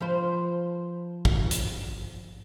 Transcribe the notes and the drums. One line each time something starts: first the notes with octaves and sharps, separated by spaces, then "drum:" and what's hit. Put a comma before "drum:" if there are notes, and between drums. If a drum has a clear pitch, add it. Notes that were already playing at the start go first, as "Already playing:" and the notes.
F3 B4 C5
drum: kick
drum: hi-hat